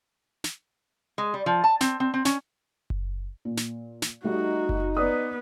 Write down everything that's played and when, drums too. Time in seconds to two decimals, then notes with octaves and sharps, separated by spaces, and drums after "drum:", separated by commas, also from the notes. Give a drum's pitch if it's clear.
0.44 drum: snare
1.18 G#3
1.34 G3
1.46 F3
1.64 A5
1.81 C4, drum: snare
2.00 C4
2.14 C4
2.25 C#4, drum: snare
2.90 drum: kick F#1
3.45 A#2
3.57 drum: snare
4.02 drum: snare
4.24 G3 A3 D#4 F#4
4.69 drum: kick F#1
4.97 B3 B4 D5 D#6